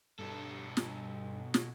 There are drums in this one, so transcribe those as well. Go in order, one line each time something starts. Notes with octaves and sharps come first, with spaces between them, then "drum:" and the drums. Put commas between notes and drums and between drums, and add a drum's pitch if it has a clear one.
G2 B2 A4
drum: snare
drum: snare